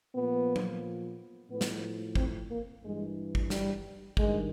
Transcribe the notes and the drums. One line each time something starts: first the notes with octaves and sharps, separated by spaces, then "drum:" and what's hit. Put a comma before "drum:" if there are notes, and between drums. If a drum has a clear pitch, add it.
A#2 F3 B3
drum: tom
A2 F3 B3
drum: snare
C4, drum: kick
A#3
G2 E3 G#3
drum: kick
G3, drum: snare
G2 D#3 G#3, drum: kick